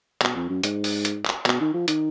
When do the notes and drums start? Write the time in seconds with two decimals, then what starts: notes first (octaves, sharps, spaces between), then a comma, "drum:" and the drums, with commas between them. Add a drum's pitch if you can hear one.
0.22 B2, drum: clap
0.35 F2
0.50 F#2
0.63 G#2, drum: hi-hat
0.84 drum: open hi-hat
1.05 drum: hi-hat
1.26 drum: clap
1.46 B2, drum: clap
1.61 D#3
1.74 F3
1.88 D#3, drum: hi-hat